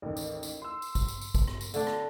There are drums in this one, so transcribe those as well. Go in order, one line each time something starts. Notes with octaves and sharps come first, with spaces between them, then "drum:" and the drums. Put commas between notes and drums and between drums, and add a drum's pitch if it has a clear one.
A1 D#2
drum: tambourine
drum: tambourine
C6 E6
drum: tambourine
drum: kick, tambourine
drum: tambourine
drum: tambourine
drum: kick, tambourine
drum: rim click
drum: tambourine
D3 A3 D4, drum: tambourine
drum: rim click